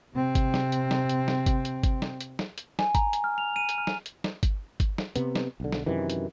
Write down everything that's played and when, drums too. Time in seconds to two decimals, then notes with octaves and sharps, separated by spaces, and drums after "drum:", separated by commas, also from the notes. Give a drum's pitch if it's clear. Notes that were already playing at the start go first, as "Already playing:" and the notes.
0.14 C3 C4
0.35 drum: kick G1, hi-hat
0.54 drum: snare
0.72 drum: hi-hat
0.91 drum: snare
1.09 drum: hi-hat
1.28 drum: snare
1.46 drum: kick G1, hi-hat
1.65 drum: hi-hat
1.83 drum: kick G1, hi-hat
2.02 drum: snare
2.21 drum: hi-hat
2.39 drum: snare
2.58 drum: hi-hat
2.79 G#5, drum: snare
2.95 A#5, drum: kick G1, hi-hat
3.13 drum: hi-hat
3.24 F6
3.38 F7
3.56 D#7
3.69 drum: hi-hat
3.78 F6
3.87 drum: snare
4.06 drum: hi-hat
4.24 drum: snare
4.43 drum: kick G1, hi-hat
4.80 drum: kick G1, hi-hat
4.98 drum: snare
5.16 C3 B3, drum: hi-hat
5.35 drum: snare
5.60 B1 D3
5.73 drum: snare
5.86 F#2 C3 D#3 E3
6.10 drum: hi-hat